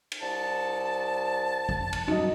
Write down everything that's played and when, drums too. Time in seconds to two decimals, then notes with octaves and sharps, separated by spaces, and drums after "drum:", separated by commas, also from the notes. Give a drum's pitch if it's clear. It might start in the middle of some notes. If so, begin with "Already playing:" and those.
0.12 drum: cymbal
0.22 C2 A5
1.69 drum: kick
1.93 drum: cymbal
2.08 F#3 G3 D#4 D#5, drum: tom G#2